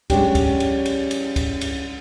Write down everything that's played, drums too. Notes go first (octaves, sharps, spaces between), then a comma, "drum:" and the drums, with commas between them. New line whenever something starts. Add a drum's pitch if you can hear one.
F#3 G#3 C#4 D4 G4, drum: kick C#2, cymbal
drum: kick C#2, cymbal
drum: cymbal
drum: cymbal
drum: cymbal
drum: kick C#2, cymbal
drum: cymbal